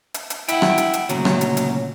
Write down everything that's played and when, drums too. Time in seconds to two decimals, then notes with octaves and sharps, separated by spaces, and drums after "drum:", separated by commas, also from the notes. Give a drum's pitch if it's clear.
0.14 drum: hi-hat
0.30 drum: hi-hat
0.48 E4 F#5 G5, drum: hi-hat
0.62 drum: rim click
0.78 drum: hi-hat
0.93 drum: hi-hat
1.09 D2 A#2 C#3 F#3, drum: hi-hat
1.25 drum: rim click
1.41 drum: hi-hat
1.57 drum: hi-hat